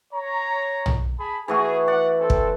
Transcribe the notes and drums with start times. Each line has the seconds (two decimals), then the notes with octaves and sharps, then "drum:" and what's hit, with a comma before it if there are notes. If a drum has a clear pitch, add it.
0.14 C#5 A#5
0.86 drum: tom
1.20 G#4 A5 B5
1.48 E3 A3 F#4 G#4
1.88 D5 F#5
2.20 C4 A4
2.30 drum: kick